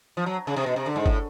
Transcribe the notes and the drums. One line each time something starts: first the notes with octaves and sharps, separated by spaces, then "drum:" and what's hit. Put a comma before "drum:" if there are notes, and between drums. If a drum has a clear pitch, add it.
F3
F#3
C#3
C3
B2
C3
D3
G#2
A2, drum: kick G1